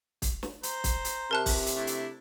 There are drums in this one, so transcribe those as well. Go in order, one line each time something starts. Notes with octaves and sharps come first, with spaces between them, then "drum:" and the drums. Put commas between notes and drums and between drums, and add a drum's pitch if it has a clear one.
drum: kick, hi-hat
drum: snare
C5 A#5, drum: hi-hat
drum: kick, hi-hat
drum: hi-hat
C3 A#4 A5 F#6
drum: kick, open hi-hat
drum: hi-hat
A3 D4 E4
drum: hi-hat